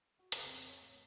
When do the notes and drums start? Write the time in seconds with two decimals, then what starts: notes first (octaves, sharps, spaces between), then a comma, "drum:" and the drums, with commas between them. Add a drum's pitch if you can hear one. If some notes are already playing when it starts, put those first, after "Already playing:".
0.18 F#4
0.32 C#3, drum: hi-hat
0.44 F2
0.65 C#5
0.81 A1